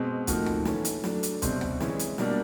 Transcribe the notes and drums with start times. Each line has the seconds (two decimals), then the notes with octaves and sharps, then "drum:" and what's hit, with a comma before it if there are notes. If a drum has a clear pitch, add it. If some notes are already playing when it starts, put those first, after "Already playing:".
Already playing: B2 G#3 C4
0.27 A2 F3 A#3 D#4 F#4, drum: kick, hi-hat
0.46 drum: tom D2
0.65 E3 A3 C#4, drum: snare
0.85 drum: hi-hat
1.04 F#3 A3 D4, drum: snare
1.23 drum: hi-hat
1.42 C2 B2 G3 C4, drum: kick, hi-hat
1.61 drum: tom D2
1.80 E3 G#3 C#4, drum: snare
1.99 drum: hi-hat
2.18 B2 G3 A#3 D4 F#4, drum: snare